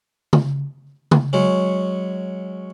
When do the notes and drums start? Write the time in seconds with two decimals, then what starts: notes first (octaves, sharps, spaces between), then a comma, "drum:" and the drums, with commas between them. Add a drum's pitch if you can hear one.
0.33 drum: tom C#3
1.11 drum: tom C#3
1.33 F#3 G#3 C#4